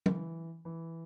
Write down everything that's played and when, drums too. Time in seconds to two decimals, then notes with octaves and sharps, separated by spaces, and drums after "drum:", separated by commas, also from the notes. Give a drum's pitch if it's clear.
0.06 E3, drum: tom
0.65 E3